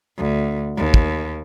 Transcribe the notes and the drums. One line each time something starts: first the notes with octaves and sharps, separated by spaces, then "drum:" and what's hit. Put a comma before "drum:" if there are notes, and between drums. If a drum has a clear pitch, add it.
D2
D#2
drum: kick